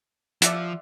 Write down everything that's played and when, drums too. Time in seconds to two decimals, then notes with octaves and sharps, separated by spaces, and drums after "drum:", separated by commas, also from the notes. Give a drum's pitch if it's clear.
0.42 F3 D5 E5 F#5, drum: hi-hat